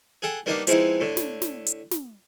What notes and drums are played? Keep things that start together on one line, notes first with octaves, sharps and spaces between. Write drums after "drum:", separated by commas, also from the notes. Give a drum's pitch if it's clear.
G#4 A4 F#5 G5
G3 A#3 B3 D4 D#4 F5
F3 G#3 B3 C4 D#4 E4, drum: hi-hat
A2 D3
drum: snare
drum: snare
drum: hi-hat
drum: snare